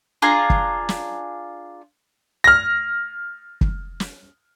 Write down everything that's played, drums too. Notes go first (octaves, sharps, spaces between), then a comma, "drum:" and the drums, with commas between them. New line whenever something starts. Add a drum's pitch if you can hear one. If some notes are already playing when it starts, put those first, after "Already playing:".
D4 F4 G#4 A#5
drum: kick
drum: snare
F6 A#6
drum: kick
drum: snare